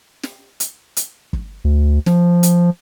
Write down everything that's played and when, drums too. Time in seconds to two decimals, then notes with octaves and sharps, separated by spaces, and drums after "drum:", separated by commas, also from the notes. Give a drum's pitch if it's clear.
0.23 drum: snare
0.60 drum: hi-hat
0.97 drum: hi-hat
1.33 drum: kick
1.64 D2
2.06 F3, drum: snare
2.43 drum: hi-hat